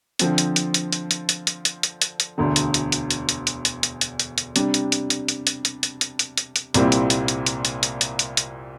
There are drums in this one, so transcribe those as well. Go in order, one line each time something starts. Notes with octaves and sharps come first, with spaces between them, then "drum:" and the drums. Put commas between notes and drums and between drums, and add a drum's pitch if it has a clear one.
D3 F3 C4, drum: hi-hat
drum: hi-hat
drum: hi-hat
drum: hi-hat
drum: hi-hat
drum: hi-hat
drum: hi-hat
drum: hi-hat
drum: hi-hat
drum: hi-hat
drum: hi-hat
drum: hi-hat
E1 D2 D3
drum: hi-hat
drum: hi-hat
drum: hi-hat
drum: hi-hat
drum: hi-hat
drum: hi-hat
drum: hi-hat
drum: hi-hat
drum: hi-hat
drum: hi-hat
drum: hi-hat
C3 G3 D4, drum: hi-hat
drum: hi-hat
drum: hi-hat
drum: hi-hat
drum: hi-hat
drum: hi-hat
drum: hi-hat
drum: hi-hat
drum: hi-hat
drum: hi-hat
drum: hi-hat
drum: hi-hat
C2 A#2 G3 C4 E4, drum: hi-hat
drum: hi-hat
drum: hi-hat
drum: hi-hat
drum: hi-hat
drum: hi-hat
drum: hi-hat
drum: hi-hat
drum: hi-hat
drum: hi-hat